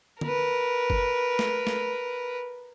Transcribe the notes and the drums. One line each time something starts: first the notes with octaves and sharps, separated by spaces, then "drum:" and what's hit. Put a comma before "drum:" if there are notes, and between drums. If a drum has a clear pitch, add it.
A#4 B4, drum: tom D3
drum: kick G1
drum: snare
drum: snare